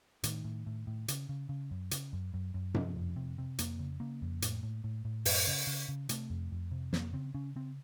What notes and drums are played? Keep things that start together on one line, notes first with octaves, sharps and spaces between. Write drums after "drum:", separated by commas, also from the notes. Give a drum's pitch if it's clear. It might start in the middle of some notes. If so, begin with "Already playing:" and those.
A2 D#3, drum: hi-hat
A2
A2
A2
C#3, drum: hi-hat
C#3
C#3
F#2
C#3, drum: hi-hat
F#2
F#2
F#2
C3 F3, drum: tom F#2
F2
C3
C3
F2 A#3, drum: hi-hat
C#3
C#3 A#3
F2
A2, drum: hi-hat
A2
A2
A2
F#2, drum: open hi-hat
C#3
C#3
C#3
C3 A3, drum: hi-hat
F2
F2
C3
F2 A#3, drum: snare
C#3 C4
C#3 C#4
C#3 C4